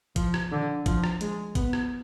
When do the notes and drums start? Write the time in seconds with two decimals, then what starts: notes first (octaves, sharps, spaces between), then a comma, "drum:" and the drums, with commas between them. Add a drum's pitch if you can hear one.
0.16 F3, drum: kick G#1, hi-hat
0.34 drum: rim click
0.52 D3
0.86 F3, drum: kick G#1, hi-hat
1.04 drum: rim click
1.21 G#3, drum: hi-hat
1.55 B3, drum: kick G#1, hi-hat
1.73 drum: rim click